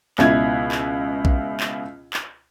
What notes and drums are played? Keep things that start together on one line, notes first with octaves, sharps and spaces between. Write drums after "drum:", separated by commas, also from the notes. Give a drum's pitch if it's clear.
C#2 B2 E4 G#6, drum: clap
drum: clap
drum: kick A#1
drum: clap
drum: clap